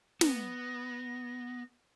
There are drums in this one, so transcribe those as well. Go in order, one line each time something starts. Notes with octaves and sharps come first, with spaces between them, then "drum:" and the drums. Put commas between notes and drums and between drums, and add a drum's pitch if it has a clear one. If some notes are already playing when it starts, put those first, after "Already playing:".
B3 A#6, drum: snare